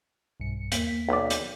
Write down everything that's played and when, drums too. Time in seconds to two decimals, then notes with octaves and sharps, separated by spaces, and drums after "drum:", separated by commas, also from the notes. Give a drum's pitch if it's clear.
0.40 B1 G2 C#7
0.72 D#2 A#3 B6, drum: hi-hat
1.09 B1 D5
1.30 drum: hi-hat